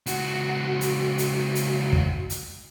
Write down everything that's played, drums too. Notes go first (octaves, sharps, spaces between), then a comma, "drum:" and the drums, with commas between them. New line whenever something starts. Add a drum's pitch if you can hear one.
C#2 F#4, drum: hi-hat
drum: hi-hat
drum: hi-hat
drum: hi-hat
drum: kick
drum: hi-hat